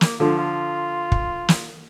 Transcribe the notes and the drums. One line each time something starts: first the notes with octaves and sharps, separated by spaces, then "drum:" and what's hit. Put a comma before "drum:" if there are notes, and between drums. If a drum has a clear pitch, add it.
A#3, drum: snare
D3 F3 F4
F4
drum: kick
drum: snare